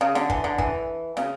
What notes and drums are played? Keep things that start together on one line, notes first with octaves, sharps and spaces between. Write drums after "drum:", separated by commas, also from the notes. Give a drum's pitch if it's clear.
C#3
D3, drum: snare
E3, drum: kick
D3
E3, drum: kick
C#3, drum: snare